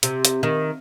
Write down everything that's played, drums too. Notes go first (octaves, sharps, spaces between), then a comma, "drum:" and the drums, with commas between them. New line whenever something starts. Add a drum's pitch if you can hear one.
C3, drum: hi-hat
drum: hi-hat
D#3